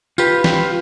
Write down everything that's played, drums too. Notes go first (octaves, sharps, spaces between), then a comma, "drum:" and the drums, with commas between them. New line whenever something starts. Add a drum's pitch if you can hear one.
F4 G4 B4, drum: tambourine
drum: snare